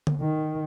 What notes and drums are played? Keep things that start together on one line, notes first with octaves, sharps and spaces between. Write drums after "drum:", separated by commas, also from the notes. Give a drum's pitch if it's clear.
drum: tom D3
D#3